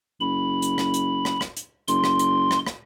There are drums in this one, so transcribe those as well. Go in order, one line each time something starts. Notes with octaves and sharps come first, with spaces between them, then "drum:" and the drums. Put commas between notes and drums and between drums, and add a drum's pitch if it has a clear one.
F#1 B5
drum: hi-hat
drum: rim click
drum: hi-hat
drum: rim click
drum: rim click
drum: hi-hat
F#1 C6, drum: hi-hat
drum: rim click
drum: hi-hat
drum: rim click
drum: rim click